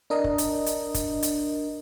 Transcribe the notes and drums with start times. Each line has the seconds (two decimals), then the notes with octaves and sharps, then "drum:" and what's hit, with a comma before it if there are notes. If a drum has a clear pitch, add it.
0.10 D4 A#4 D#5
0.24 drum: kick
0.38 drum: hi-hat
0.66 drum: hi-hat
0.94 drum: kick, hi-hat
1.23 drum: hi-hat